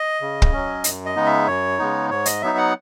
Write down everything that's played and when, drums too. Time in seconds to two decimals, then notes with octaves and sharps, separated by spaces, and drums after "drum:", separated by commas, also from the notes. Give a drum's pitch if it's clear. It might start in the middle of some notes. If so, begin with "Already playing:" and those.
Already playing: D#5
0.21 C#3
0.42 drum: kick
0.53 F#3 C#4
0.84 F#2, drum: hi-hat
1.06 D#5
1.16 C#3 G#3 B3 D#4
1.26 E5
1.47 F#2 C#5
1.79 C#3 G#3 B3 D#4
2.10 G#2 C#5
2.26 D#5, drum: hi-hat
2.42 F#3 B3 D#4 E5
2.58 F#5